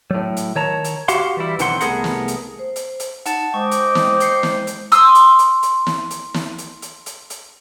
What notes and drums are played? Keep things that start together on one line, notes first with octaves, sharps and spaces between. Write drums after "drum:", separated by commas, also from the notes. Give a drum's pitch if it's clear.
A2 F#3
drum: hi-hat
D#3 C#5 A5 A#5
drum: hi-hat
F#4 G4 F5 F#5 C6, drum: hi-hat
E3 G3 E4
B1 D#3 E3 C4 F#5 C6, drum: hi-hat
C2 A3 B3 G#4 A#4 F#5, drum: hi-hat
drum: snare
drum: hi-hat
C5
drum: hi-hat
drum: hi-hat
D#4 F#5 A5 A6, drum: hi-hat
G#3 C5 D#5 G5 C#6 D6
drum: hi-hat
drum: snare
G6 C7 C#7, drum: hi-hat
drum: snare
drum: hi-hat
C6 D#6 E6, drum: hi-hat
drum: hi-hat
drum: hi-hat
drum: hi-hat
drum: snare
drum: hi-hat
drum: snare
drum: hi-hat
drum: hi-hat
drum: hi-hat
drum: hi-hat